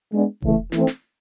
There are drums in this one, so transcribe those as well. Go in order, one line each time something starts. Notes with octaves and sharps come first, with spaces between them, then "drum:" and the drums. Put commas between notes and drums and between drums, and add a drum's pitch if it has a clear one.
G#3 B3 D4
C#3 E3 A3, drum: kick E1
E3 A3 C4, drum: snare
drum: snare